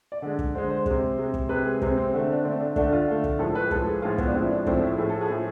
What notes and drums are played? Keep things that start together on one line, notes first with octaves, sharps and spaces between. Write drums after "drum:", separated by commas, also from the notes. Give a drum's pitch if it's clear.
D5
D3 G#3
drum: kick
D3 G#3 C5
C5
C3 G#3, drum: kick
C3 G#3
drum: kick
C3 G#3 B4
G#4
C3 G#3 C4, drum: kick
C4
D3 A3
D4
D3 A3 C4
D4
D3 A3 D4, drum: kick
F4
D3 A3
drum: kick
A2 F3 G#3 A4
B4
G#4
A2 F3 G#3 A4, drum: kick
G#4
A2 F3 G#3 F4
B3, drum: kick
D4
A2 F3 G#3 C4
E4
D4
A2 F3 A3 C4, drum: kick
E4
A2 F3 A3 G#4
A4
G#4
A2 F3 A3